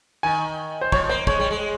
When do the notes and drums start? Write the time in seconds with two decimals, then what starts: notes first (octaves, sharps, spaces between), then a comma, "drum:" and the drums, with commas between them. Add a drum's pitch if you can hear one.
0.23 D#3 G#5
0.81 C5
0.92 F3 C#5, drum: kick
1.09 A#3 C5
1.27 G#3 C#5, drum: kick
1.40 G3
1.51 G#3